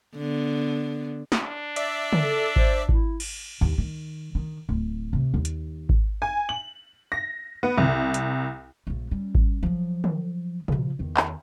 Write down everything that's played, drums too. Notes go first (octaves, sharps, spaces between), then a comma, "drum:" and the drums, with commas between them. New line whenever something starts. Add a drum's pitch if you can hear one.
D3 B3
drum: snare
D4
D5 E5, drum: hi-hat
drum: tom
A4
C5, drum: kick G#1
E4, drum: kick G#1
drum: cymbal
D#2
D#3
D#3
D1
C3
D#2
drum: hi-hat
drum: kick G#1
G#5
F#7
A#6
B3
C2, drum: tom
drum: hi-hat
A#1 A3
G3 C#4
drum: kick G#1
F3 F#3
drum: tom D3
C#3 F3, drum: tom A#2
E2 D#3
drum: clap